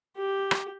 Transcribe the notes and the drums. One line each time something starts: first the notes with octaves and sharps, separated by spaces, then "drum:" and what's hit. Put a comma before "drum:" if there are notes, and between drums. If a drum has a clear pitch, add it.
G4
drum: rim click